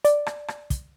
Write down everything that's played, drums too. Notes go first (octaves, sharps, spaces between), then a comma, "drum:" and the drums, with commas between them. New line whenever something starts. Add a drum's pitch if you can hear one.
D5, drum: hi-hat
drum: rim click
drum: rim click
drum: kick, hi-hat